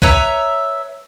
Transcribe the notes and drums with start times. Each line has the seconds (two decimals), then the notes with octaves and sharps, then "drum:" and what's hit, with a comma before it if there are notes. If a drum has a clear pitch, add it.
0.02 B4 C#5 E5 A#5, drum: kick C2